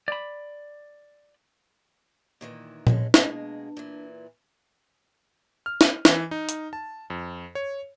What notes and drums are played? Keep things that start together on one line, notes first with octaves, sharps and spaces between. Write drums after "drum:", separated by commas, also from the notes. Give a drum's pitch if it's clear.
D5 B5
A#2 D#3 E3
G#2 G#3 A3 C#5, drum: tom A#2
B2 G#3 A#3 D4, drum: snare
A#2 E3
F6
D#7, drum: snare
E3, drum: snare
D#4
drum: hi-hat
A5
F2
C#5